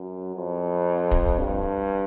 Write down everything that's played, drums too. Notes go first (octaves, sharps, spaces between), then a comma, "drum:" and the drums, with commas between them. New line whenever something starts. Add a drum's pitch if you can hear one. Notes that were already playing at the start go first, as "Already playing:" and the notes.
Already playing: F#2
F2
drum: kick
G2